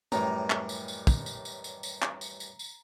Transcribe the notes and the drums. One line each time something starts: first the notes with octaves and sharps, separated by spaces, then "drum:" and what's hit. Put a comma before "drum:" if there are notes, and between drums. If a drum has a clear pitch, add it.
F#2 A2 D#3 E3 G3 A#5, drum: tambourine
drum: clap
drum: tambourine
drum: tambourine
drum: kick, tambourine
drum: tambourine
drum: tambourine
drum: tambourine
drum: tambourine
drum: clap
drum: tambourine
drum: tambourine
drum: tambourine